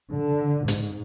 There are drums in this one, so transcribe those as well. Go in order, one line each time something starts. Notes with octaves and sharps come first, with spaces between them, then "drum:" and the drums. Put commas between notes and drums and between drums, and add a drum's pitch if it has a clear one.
D3
G#2, drum: hi-hat